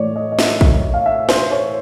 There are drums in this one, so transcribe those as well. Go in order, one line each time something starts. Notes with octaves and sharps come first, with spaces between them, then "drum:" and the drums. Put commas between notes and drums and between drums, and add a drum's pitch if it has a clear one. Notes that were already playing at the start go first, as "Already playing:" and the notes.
Already playing: A2 E3 A3 C#5 D5
D#5
D#5
E5, drum: snare
drum: kick
F5
E5
C5, drum: snare
C#5